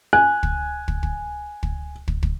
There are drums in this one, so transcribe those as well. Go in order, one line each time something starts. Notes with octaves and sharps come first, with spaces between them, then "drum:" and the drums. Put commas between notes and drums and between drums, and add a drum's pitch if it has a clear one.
G#5 F#6
drum: kick
drum: kick
drum: kick
drum: kick
drum: kick
drum: kick